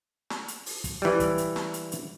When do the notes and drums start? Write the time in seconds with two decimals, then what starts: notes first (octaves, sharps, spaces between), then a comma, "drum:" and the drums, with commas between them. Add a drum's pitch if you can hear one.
0.30 drum: snare
0.48 drum: hi-hat
0.66 drum: open hi-hat
0.84 drum: kick, hi-hat
1.02 E3 G3
1.20 drum: kick, hi-hat
1.38 drum: hi-hat
1.56 drum: snare
1.74 drum: hi-hat
1.92 drum: hi-hat